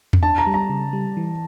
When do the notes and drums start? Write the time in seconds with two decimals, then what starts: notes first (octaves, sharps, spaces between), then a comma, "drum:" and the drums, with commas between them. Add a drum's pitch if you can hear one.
0.13 drum: tom E2
0.23 D4 A5
0.38 A#5
0.47 G3
0.54 A#5
0.69 C#3
0.93 G3
1.17 E3